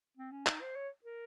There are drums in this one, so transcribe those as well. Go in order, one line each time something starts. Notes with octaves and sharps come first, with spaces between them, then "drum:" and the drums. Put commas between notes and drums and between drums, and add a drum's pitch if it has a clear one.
C4
C#4
D#4, drum: clap
C5
C#5
A#4